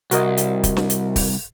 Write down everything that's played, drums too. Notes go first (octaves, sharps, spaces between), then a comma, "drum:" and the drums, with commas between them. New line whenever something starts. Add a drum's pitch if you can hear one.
C2 F#4 A#4 D#5, drum: hi-hat
drum: hi-hat
drum: kick, hi-hat
drum: snare
drum: hi-hat
drum: kick, open hi-hat